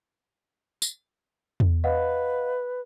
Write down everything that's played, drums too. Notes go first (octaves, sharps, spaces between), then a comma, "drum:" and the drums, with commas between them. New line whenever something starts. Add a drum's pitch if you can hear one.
drum: tambourine
drum: tom E2
B4 D#5 F5 F#5